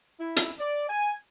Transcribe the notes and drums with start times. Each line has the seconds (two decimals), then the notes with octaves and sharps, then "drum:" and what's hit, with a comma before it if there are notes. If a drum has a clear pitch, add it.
0.20 E4
0.36 drum: hi-hat
0.60 D5
0.89 G#5